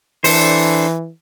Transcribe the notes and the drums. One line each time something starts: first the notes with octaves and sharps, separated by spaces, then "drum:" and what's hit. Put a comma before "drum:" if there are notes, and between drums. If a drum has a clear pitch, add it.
E3 D4 A4 C5, drum: open hi-hat